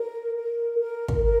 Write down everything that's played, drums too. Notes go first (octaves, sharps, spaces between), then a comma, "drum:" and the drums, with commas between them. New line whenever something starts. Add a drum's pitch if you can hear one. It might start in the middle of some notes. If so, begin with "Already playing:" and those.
Already playing: A#4
A#4
A#4
drum: kick
A#4